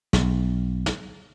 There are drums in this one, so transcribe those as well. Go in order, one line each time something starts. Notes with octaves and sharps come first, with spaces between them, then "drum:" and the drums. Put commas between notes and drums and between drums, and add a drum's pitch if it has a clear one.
B1, drum: snare
drum: snare